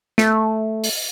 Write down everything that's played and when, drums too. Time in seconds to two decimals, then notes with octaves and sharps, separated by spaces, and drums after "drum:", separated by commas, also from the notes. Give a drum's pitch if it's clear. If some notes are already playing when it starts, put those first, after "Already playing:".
0.18 A3, drum: snare
0.84 drum: open hi-hat